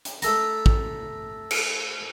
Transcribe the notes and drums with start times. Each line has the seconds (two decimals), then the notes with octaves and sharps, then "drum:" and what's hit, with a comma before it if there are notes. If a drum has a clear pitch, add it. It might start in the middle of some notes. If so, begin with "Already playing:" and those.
0.05 drum: hi-hat
0.22 A3 A4 A#5, drum: hi-hat
0.66 drum: kick
1.51 drum: cymbal